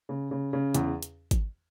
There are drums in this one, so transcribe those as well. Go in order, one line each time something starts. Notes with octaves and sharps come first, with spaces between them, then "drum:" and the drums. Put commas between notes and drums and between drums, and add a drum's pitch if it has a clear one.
C#3
C#3
C#3
E2, drum: hi-hat
drum: hi-hat
drum: kick G#1, hi-hat